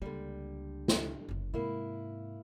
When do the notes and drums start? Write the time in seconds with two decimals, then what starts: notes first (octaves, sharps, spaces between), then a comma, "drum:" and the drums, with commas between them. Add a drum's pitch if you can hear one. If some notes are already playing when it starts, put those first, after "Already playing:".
0.02 C#2 D3 G3 A#3
0.88 drum: snare
1.29 F#1 F#2
1.54 G#2 C3 A#3 E4